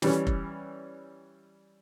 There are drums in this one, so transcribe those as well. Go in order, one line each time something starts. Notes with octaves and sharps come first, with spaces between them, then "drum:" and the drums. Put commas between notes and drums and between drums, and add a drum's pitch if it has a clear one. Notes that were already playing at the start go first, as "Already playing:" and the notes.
E3 G3 C#4, drum: snare
drum: kick F1